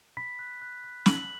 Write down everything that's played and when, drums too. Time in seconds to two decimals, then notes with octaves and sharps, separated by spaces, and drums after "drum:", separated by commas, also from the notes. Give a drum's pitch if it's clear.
0.17 B5 B6
0.39 F#6
0.62 F#6
0.84 F#6
1.06 B5 F#7, drum: snare